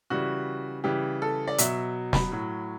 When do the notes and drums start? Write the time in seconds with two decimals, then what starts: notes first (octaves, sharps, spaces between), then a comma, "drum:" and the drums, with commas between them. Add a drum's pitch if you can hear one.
0.10 C#3 E3 G3 F#4
0.84 C#3 E3 G3 G4
1.22 A4
1.48 D5
1.58 B2 F#3 E5, drum: hi-hat
2.13 B5, drum: snare
2.32 A2 F#3